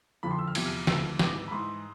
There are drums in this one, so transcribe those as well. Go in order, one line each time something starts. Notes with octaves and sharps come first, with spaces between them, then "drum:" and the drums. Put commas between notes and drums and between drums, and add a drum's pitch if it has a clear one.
F2 D3 F3 B5
C6
E6
F6
E2 C3 F3 G#6, drum: cymbal
F6
F6
D2 D3 F3 E6, drum: snare
G#2 E3 D6, drum: snare
B5
G#2 E3 C6